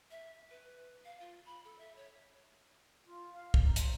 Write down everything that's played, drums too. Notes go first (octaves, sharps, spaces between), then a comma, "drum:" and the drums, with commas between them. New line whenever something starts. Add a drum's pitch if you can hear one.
E5
B4
F5
F4
B5
A4
E5
C#5
F4
F5
drum: kick
D#4
C5, drum: hi-hat